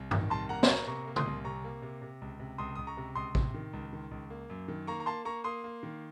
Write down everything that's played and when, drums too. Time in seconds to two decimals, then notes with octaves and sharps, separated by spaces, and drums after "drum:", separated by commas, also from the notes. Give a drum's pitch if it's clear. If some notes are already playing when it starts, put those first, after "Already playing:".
Already playing: C2
0.11 D#3, drum: tom G2
0.30 C2 A5 C6
0.49 A#3 F#5 A#5
0.63 C6, drum: snare
0.68 A#3 A#5 C#6
0.87 C3 A#5 C#6
1.07 A#3
1.16 C6 D#6, drum: tom C#3
1.26 C2
1.45 C3 A#5 C#6
1.64 A#3
1.82 C3
2.02 C3
2.22 C#2
2.40 C3
2.58 C#2 C6 D#6
2.75 C#2 D#6
2.87 A#5 C#6
2.97 C3
3.15 C#2 C6 D#6
3.35 C3, drum: kick
3.54 D#3
3.73 C#2
3.93 D#3
4.11 C#2
4.30 A#3
4.50 F#2
4.68 D#3
4.87 A#3 A#5 C#6
5.00 A#5
5.06 A#3 A5 C6
5.25 A#3 A#5 C#6
5.44 A#3 C6 D#6
5.64 A#3
5.83 D#3